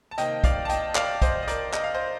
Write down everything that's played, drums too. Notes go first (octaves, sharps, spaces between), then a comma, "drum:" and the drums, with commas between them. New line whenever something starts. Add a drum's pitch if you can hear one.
A5
C3 D#3 A#3 D#5 G5, drum: hi-hat
D5 F5, drum: kick, hi-hat
A5
D#5 G5, drum: hi-hat
D5 F5, drum: clap
C5 D#5, drum: kick, hi-hat
D#5
A#4 D5, drum: hi-hat
D#5, drum: clap
F5
C5 D#5